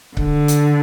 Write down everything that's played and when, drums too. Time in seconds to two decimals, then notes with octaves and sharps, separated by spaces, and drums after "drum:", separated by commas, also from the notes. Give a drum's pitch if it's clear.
0.17 D3, drum: kick C#1
0.48 drum: hi-hat